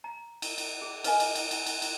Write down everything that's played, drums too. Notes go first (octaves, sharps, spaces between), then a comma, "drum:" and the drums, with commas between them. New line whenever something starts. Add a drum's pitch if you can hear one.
A#5
drum: cymbal
drum: cymbal
G#4
A#4 B4 D#5 F5 G#5, drum: cymbal
drum: cymbal
drum: cymbal
drum: cymbal
drum: cymbal
drum: cymbal